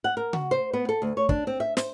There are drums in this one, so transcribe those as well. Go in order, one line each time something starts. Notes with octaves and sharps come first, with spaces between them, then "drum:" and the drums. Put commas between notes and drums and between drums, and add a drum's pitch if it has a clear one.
F#5
A#4
F#4, drum: tom C#3
C5
B3
A4
D2
C#5
D4, drum: kick
C4
E5
C5, drum: snare